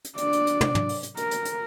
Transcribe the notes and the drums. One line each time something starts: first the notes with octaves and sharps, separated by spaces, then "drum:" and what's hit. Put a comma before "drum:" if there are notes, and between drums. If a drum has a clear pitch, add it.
drum: hi-hat
D4 D5, drum: hi-hat
drum: hi-hat
drum: hi-hat
drum: tom
drum: tom
drum: open hi-hat
drum: hi-hat
A#4, drum: hi-hat
drum: hi-hat
drum: hi-hat